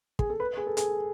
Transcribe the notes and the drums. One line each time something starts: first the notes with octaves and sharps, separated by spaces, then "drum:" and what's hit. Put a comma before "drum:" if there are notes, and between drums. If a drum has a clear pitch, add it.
G#4, drum: kick
A4
B4
G#4
A4
G#4, drum: hi-hat